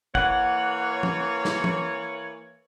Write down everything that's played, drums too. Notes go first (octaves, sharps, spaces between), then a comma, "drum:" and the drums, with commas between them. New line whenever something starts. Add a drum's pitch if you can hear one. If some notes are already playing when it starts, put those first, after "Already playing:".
E3 A#3 C#5 F#5, drum: kick
drum: tom E3
drum: snare
drum: tom E3